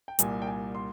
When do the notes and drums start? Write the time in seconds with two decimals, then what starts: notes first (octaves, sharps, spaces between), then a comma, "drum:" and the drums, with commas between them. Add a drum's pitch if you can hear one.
0.08 G5
0.19 C2 A#2 G3 A#3 G#5, drum: hi-hat
0.42 G5
0.47 G#5
0.75 C6